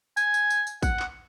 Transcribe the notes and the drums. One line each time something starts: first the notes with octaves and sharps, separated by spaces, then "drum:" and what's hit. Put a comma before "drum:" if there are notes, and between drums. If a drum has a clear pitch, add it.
G#5, drum: tambourine
drum: tambourine
drum: tambourine
drum: tambourine
F#5, drum: kick A1, tambourine
drum: clap